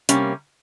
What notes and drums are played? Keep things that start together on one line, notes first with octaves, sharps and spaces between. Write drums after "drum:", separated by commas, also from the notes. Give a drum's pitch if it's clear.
C3 G3 A#3 C#4, drum: hi-hat